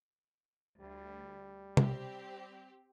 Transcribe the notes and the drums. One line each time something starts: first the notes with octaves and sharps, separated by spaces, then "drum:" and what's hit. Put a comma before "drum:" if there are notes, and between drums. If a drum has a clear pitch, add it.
D2 G3
C4 G4, drum: tom C3